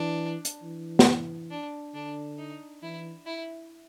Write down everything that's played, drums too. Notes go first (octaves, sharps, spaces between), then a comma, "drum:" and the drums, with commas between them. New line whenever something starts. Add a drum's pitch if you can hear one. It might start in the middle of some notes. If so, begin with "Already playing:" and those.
Already playing: E3 D4
drum: hi-hat
E3
drum: snare
D4
D3 D4
D#4
E3 E4
E4